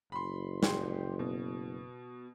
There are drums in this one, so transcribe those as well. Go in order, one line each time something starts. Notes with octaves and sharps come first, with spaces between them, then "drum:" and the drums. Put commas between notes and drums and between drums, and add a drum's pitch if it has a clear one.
F#1 B5 C6
G4 C6, drum: snare
B2